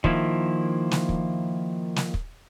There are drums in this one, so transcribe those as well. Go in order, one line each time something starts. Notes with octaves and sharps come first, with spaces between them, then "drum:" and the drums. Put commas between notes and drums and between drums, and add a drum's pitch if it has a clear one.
D#3 F3 A#3 E4, drum: kick
drum: snare
drum: kick
drum: snare
drum: kick